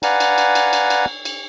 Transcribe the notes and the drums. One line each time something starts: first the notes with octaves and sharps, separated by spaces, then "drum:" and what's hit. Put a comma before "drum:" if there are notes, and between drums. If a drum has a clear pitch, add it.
B4 D5 F5 F#5 G#5 A#5, drum: cymbal
drum: cymbal
drum: cymbal
drum: cymbal
drum: cymbal
drum: cymbal
drum: cymbal